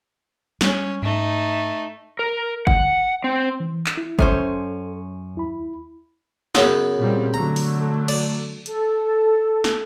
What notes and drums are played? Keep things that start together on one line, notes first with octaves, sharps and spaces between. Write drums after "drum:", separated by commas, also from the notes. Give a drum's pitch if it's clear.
G3 G#3 C#4, drum: snare
G#2 A3 D#4
A#4
F#5, drum: kick G1
C4
E3
drum: clap
E4
F#2 C#4 A4 C5, drum: kick G1
D#2 E4 B5
F#2 C#3 B3, drum: snare
A#2 G3 C4
D3 F#3 A3 A#5
drum: open hi-hat
D5, drum: cymbal
A4, drum: hi-hat
drum: snare